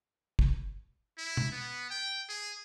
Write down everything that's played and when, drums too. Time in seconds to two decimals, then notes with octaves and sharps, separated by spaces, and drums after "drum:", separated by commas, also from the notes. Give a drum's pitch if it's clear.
0.39 drum: kick
1.18 E4
1.37 drum: tom
1.52 B3
1.90 G5
2.29 G#4